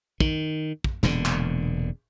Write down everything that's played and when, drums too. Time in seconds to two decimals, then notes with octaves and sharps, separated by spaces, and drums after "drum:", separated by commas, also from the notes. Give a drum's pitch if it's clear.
0.20 D#3, drum: kick
0.84 drum: kick
1.03 E1 A#2 D3, drum: snare
1.25 drum: clap